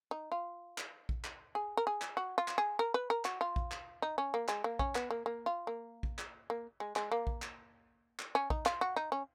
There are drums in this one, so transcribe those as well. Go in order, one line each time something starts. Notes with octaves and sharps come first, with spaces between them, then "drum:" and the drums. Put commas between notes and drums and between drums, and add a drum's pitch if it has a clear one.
D#4
F4
drum: clap
drum: kick A#1
drum: clap
G#4
A#4
G#4
drum: clap
F#4
F4
drum: clap
G#4
A#4
B4
A#4
F#4, drum: clap
F4
drum: kick A#1
drum: clap
D#4
C#4
A#3
G#3, drum: clap
A#3
C#4, drum: kick A#1
B3, drum: clap
A#3
A#3
F4
A#3
drum: kick A#1
drum: clap
A#3
G#3
G#3, drum: clap
A#3
drum: kick A#1
drum: clap
drum: clap
C#4
D#4, drum: kick A#1
F4, drum: clap
F#4
D#4
C#4